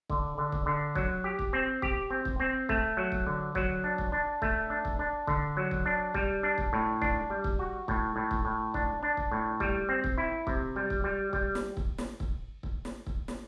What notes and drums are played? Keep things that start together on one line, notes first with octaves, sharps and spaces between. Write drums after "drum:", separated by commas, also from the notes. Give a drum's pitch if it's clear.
D3, drum: kick
D3
drum: kick
D3
F#3, drum: kick
G4
drum: kick
C4
G4, drum: kick
C4
drum: kick
C4
A3, drum: kick
F#3
drum: kick
D3
F#3, drum: kick
D4
drum: kick
D4
A3, drum: kick
D4
drum: kick
D4
D3, drum: kick
F#3
drum: kick
D4
G3, drum: kick
D4
drum: kick
A2
D4, drum: kick
G3
drum: kick
F#4
A2, drum: kick
A2
drum: kick
A2
D4, drum: kick
D4
drum: kick
A2
G3, drum: kick
C4
drum: kick
E4
C3, drum: kick
G3
drum: kick
G3
G3, drum: kick
drum: snare
drum: kick
drum: snare
drum: kick
drum: kick
drum: snare
drum: kick
drum: snare